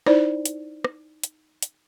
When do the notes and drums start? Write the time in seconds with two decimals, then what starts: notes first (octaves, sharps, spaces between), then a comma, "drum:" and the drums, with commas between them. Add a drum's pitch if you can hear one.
0.06 D#4 E4 C5 D5, drum: rim click
0.45 drum: hi-hat
0.84 drum: rim click
1.23 drum: hi-hat
1.62 drum: hi-hat